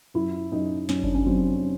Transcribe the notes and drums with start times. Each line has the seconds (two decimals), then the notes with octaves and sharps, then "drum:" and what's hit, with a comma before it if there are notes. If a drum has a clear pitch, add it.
0.14 F#2 E4
0.52 F#2 D#4
0.89 F#2 C#4, drum: snare
1.03 D4, drum: kick G1
1.15 C#4
1.26 F#3 C4